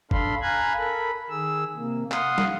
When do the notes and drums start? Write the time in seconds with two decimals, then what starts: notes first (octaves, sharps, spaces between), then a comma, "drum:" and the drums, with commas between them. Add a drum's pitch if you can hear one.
0.11 D4 A4 F5 B5 C6, drum: kick F#1
0.42 F5 G#5 A#5 B5 F#6 G#6
0.78 A4 A#4 B5
1.30 D#3 G#4 E6
1.76 C3 A#3
2.12 F5 F#5 C6 D#6, drum: clap
2.38 drum: snare